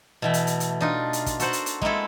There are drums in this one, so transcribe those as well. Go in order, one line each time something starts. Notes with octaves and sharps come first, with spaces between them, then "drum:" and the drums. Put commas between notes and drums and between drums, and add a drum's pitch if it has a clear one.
B2 E3 A3
drum: hi-hat
drum: hi-hat
drum: hi-hat
D4 D#4 F4
drum: hi-hat
drum: kick, hi-hat
F#4 A4 A#4 C5 F#5, drum: hi-hat
drum: hi-hat
drum: hi-hat
G#3 A#3 C4 E4 A4, drum: kick